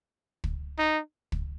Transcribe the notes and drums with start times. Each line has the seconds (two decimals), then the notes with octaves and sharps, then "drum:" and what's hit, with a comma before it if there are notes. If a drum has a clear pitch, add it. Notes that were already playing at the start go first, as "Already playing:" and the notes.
0.44 drum: kick
0.78 D#4
1.32 drum: kick